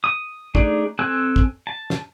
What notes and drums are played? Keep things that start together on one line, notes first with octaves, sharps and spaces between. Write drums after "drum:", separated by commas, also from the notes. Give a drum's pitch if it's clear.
D#6
A3 D4 D#4 G#4, drum: kick
C4 A4 G#5 E6 F#6
drum: kick
A5
drum: snare